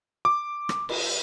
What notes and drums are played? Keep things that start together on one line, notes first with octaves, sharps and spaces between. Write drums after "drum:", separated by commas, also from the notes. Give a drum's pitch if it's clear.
D6
drum: rim click
drum: cymbal